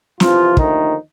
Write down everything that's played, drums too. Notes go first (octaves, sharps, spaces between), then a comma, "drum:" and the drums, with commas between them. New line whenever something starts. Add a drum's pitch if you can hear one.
E2 C3 E3 F3 F4, drum: snare
D#2 D3 D#3 F3 A3 D#4, drum: kick